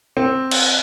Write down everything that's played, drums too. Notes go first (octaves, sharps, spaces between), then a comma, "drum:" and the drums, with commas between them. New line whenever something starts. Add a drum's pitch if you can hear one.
C4
drum: cymbal